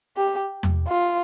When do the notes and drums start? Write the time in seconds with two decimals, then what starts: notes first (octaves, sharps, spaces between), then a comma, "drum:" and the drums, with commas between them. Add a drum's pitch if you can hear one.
0.17 G4
0.63 drum: tom E2
0.87 F4